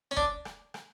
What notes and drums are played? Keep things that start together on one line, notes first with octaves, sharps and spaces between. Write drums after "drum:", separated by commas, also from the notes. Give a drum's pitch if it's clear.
C#4
D4, drum: kick
drum: rim click
drum: rim click